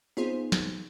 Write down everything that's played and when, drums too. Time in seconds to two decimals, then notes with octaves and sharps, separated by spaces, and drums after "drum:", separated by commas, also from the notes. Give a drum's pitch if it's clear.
0.17 B3 C4 D#4 F4 G#4 C5
0.52 drum: snare